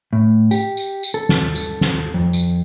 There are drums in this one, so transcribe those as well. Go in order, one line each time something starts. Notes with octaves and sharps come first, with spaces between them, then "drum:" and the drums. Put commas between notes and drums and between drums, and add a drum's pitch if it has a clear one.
A2
G4, drum: tambourine
drum: tambourine
drum: tambourine
A4
drum: snare
drum: tambourine
drum: snare
F2
drum: tambourine